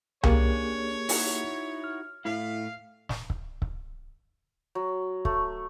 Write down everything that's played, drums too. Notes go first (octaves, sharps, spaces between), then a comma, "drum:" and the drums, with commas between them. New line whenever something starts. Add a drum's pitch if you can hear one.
A#3 C#4 D4 G4 G#4 C#5, drum: tom C2
D#4 E4 F#4, drum: open hi-hat
F6
A2 A3 E4 F5
drum: snare
drum: kick C#1
drum: kick C#1
F#3
A3, drum: kick C#1